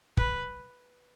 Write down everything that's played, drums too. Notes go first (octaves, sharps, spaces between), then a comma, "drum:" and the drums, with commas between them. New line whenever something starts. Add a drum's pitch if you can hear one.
B4, drum: kick